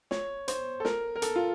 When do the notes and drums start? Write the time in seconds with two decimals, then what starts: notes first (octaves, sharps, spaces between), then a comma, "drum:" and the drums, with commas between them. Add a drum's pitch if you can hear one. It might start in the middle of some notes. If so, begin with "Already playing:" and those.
0.11 C#5, drum: snare
0.48 C5, drum: hi-hat
0.80 A4
0.85 A#4, drum: snare
1.16 A#4
1.22 A4, drum: hi-hat
1.36 F4